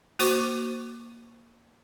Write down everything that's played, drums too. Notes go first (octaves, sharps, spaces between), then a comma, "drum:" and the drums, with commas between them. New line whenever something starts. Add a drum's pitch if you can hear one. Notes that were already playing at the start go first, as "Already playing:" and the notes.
A#3 F#4 C5 C#6 D6, drum: hi-hat